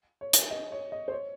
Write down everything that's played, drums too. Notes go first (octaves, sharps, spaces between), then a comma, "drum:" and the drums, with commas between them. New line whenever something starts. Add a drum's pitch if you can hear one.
C#5
drum: hi-hat
D#5
C#5
D#5
C5
C#5